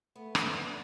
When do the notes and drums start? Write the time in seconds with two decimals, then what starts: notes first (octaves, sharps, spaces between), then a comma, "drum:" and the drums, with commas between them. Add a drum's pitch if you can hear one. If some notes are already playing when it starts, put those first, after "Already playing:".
0.16 A3 B3
0.35 D3, drum: rim click
0.54 D3